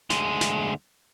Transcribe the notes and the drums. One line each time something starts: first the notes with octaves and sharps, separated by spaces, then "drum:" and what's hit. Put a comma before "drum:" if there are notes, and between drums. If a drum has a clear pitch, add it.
D2 G#3, drum: snare
drum: snare